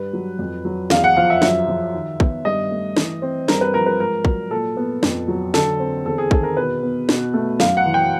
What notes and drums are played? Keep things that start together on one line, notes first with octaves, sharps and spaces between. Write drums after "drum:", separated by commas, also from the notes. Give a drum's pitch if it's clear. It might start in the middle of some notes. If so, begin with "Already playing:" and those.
Already playing: G2 G3 B4
F#3
F2
F#3
E2 F5, drum: snare
F#5
F3 F5
E5
F#2 E5, drum: snare
F3
D#3
B3, drum: kick
G2 D#5
A3
E3, drum: snare
C4
G2 A#4, drum: snare
B4
F3 A#4
B4
G#2 A#4
F#3, drum: kick
A#2 A4
B3
F2, drum: snare
F#3
D3 A4, drum: snare
C4
E2 A4
G#4
D#3 A4, drum: kick
A#4
B2 B4
B3
B2, drum: snare
A3
F#2 F5, drum: snare
F#5
E3
G5